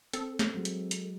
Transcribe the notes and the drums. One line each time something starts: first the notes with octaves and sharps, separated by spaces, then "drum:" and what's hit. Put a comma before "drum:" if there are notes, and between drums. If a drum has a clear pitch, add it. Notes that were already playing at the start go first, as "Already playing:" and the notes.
C4 A4, drum: hi-hat
drum: snare
F#3 G#3
drum: hi-hat
drum: hi-hat